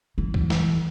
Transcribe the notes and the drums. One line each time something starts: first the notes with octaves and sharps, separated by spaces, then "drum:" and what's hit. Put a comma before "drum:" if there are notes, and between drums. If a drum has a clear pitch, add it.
E3
drum: kick C#2
drum: snare